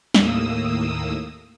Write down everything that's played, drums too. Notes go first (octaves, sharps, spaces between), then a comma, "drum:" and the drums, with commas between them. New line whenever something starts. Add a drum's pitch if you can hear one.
D#2 A2 A#3 D#6 E6, drum: snare